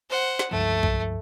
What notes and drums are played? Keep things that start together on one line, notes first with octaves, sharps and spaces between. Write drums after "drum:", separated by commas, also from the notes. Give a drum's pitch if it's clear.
C5 F#5
drum: snare
C#2 G2 F3 A3
drum: kick B1